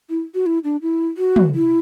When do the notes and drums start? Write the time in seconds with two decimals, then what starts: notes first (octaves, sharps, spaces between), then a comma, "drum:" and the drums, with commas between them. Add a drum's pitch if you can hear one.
0.10 E4
0.34 F#4
0.46 E4
0.64 D4
0.82 E4
1.18 F#4
1.36 drum: tom
1.55 E4